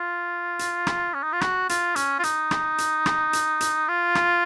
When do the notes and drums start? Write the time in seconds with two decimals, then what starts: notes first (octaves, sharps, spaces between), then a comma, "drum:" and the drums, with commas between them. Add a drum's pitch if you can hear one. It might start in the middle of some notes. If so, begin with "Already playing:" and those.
Already playing: F4
0.59 drum: hi-hat
0.87 drum: rim click
1.14 C#4
1.23 D#4
1.32 F4
1.41 F#4, drum: rim click
1.69 F4, drum: hi-hat
1.96 C#4, drum: hi-hat
2.19 F4
2.23 D#4, drum: hi-hat
2.51 drum: rim click
2.78 drum: hi-hat
3.06 drum: rim click
3.33 drum: hi-hat
3.61 drum: hi-hat
3.88 F4
4.15 drum: rim click